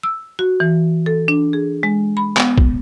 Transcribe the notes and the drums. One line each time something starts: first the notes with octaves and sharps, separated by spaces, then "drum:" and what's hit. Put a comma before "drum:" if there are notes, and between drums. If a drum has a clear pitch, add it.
E6
F#4
E3
A4
D4
G#4
G#3
B5
B3, drum: clap
drum: kick